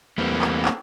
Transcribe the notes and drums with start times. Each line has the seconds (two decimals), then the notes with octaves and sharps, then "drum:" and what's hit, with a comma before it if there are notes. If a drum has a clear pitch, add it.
0.18 E2 G3 A3 A#3 C4 B4
0.42 drum: clap
0.65 drum: clap